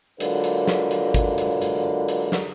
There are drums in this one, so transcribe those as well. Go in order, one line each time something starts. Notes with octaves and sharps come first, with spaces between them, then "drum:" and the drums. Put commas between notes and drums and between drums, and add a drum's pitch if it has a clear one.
D3 F#3 G#3 A#3 F4 B4, drum: hi-hat
drum: hi-hat
drum: snare
drum: hi-hat
drum: kick, hi-hat
drum: hi-hat
drum: hi-hat
drum: hi-hat
drum: snare